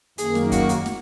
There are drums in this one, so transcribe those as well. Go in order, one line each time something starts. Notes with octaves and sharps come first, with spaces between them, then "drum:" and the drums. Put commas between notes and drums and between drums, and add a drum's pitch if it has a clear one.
F#2 D#3 A#3 G#4, drum: hi-hat
drum: snare
F#4, drum: kick, hi-hat
drum: hi-hat
drum: snare